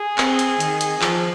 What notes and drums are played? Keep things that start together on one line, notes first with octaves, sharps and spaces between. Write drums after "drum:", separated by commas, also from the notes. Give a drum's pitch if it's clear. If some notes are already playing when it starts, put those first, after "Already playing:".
Already playing: G#4
C4, drum: clap
drum: hi-hat
D#3, drum: hi-hat
drum: hi-hat
F3, drum: clap